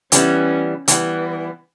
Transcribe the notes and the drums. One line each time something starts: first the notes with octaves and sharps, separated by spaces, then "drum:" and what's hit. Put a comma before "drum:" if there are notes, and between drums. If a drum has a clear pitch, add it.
E3 G3 B3 C#4, drum: hi-hat
E3 G3 B3, drum: hi-hat